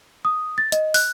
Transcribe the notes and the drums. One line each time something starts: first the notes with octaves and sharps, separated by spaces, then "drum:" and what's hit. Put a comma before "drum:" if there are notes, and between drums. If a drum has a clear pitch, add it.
D#6
A6
D#5, drum: hi-hat
F#6, drum: open hi-hat